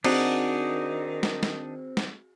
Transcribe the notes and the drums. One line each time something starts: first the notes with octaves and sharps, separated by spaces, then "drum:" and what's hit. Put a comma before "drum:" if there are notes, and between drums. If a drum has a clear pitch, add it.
D#3 C4 D4 D#4 F#4 G#4, drum: cymbal
drum: snare
drum: snare
drum: snare